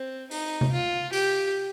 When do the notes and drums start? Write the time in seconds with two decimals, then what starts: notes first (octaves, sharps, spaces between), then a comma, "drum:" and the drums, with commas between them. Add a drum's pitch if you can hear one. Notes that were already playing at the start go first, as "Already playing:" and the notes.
Already playing: C4
0.31 D#4, drum: open hi-hat
0.61 drum: tom C3
0.72 F4
1.13 G4, drum: open hi-hat